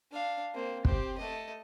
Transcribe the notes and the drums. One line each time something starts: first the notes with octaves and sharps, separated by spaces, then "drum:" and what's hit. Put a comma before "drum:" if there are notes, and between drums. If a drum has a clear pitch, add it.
D4 F5
A#3 C4
C4 G4, drum: kick
A3 D#5